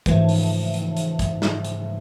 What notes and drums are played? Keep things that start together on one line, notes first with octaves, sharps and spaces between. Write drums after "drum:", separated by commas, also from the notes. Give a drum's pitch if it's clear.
G#2 C#3 E3 F3 A3, drum: kick, hi-hat
drum: open hi-hat
drum: hi-hat
drum: hi-hat
drum: kick, hi-hat
drum: snare
drum: hi-hat